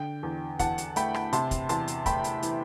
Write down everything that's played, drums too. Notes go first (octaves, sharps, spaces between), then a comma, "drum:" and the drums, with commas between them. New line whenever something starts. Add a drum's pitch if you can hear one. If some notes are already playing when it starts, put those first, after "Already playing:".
Already playing: D3 G5
E2
E2 F#5 A5, drum: kick, hi-hat
drum: hi-hat
A3 G5 B5, drum: hi-hat
drum: rim click
C3 A5 C6, drum: hi-hat
drum: kick, hi-hat
E2 A5 C6, drum: hi-hat
drum: hi-hat
A3 G5 B5, drum: kick, hi-hat
drum: hi-hat
E3, drum: hi-hat